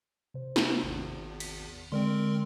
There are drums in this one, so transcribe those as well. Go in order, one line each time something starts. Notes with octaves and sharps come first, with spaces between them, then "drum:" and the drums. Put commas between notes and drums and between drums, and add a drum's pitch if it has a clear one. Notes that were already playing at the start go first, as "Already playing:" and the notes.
C3 C5
drum: snare
G#1 E2
B6, drum: cymbal
D3 G#3 C4 A#4 D5 C6